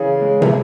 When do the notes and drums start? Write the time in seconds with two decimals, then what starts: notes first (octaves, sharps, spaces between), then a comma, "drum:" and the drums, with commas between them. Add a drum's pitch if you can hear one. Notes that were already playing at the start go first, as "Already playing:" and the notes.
Already playing: C#3 E3 G#4
0.21 G#3
0.42 E3, drum: tom